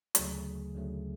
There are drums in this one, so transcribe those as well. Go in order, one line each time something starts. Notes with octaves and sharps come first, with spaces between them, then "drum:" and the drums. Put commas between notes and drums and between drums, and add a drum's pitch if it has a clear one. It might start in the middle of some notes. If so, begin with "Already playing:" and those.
D2 C#3 F#3 A3 G#4, drum: hi-hat
D2 C#3 F#3 A3